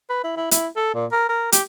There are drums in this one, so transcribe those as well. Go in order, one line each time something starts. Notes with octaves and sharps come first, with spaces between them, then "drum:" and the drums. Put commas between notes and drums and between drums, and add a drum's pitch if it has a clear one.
B4
E4
E4
E4, drum: hi-hat
A4
A#2
A#4
A#4
G4, drum: hi-hat